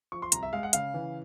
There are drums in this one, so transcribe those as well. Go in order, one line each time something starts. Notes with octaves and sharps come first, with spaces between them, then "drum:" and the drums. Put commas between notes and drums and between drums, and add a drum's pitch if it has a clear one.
F3 C#6
C6
C2 A#5, drum: hi-hat
E5
G#3 F5
F#5
C#3 F5, drum: hi-hat
E3